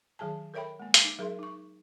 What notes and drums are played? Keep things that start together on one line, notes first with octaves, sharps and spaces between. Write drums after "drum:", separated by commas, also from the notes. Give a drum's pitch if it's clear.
D#3 F#3 G#4 G#5 A5
A4 A#4 C#5 E5 G5 B5
G#3 A#3
drum: hi-hat
D#4
F#3 G#4 A#4 E5 C6
D#4 C#6